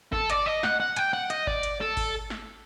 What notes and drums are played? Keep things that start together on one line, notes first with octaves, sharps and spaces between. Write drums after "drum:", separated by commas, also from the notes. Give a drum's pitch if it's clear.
A4, drum: kick G#1
D5, drum: hi-hat
D#5
F#5, drum: snare
F#5
G5, drum: hi-hat
F#5
D#5, drum: hi-hat
D5, drum: kick G#1
drum: hi-hat
A4
drum: kick G#1, open hi-hat
drum: snare